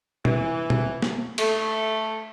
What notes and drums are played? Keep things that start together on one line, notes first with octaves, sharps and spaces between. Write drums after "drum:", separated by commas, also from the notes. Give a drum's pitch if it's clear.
E3, drum: tom
drum: tom
drum: snare
A3, drum: cymbal